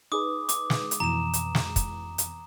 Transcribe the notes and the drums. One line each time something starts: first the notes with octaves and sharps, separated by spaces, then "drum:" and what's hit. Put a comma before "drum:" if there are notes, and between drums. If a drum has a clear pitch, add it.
D#4 G#4 B4 D6 D#6
D6, drum: hi-hat
drum: snare
drum: hi-hat
F2 B2 E3 A#5 E7
drum: hi-hat
drum: snare
drum: kick, hi-hat
drum: hi-hat